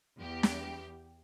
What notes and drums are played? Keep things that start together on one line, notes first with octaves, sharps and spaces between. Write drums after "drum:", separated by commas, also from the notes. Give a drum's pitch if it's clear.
E2 G4
drum: snare